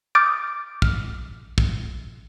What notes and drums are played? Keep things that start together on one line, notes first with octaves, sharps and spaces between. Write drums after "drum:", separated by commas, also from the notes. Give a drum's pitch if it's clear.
D6 D#6 F6 G6 A6 D7
F6, drum: kick
drum: kick